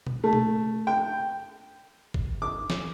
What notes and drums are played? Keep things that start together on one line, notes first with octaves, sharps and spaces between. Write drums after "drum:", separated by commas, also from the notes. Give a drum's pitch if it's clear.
drum: tom B2
A3
drum: tom B2
G5
drum: kick
D6
drum: snare